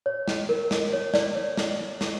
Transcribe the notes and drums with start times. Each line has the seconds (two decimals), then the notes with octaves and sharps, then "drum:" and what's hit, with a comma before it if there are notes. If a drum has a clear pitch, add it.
0.06 C#5
0.28 drum: snare
0.49 A#4
0.71 drum: snare
0.93 C#5
1.14 D5, drum: snare
1.35 C#5
1.57 drum: snare
2.01 drum: snare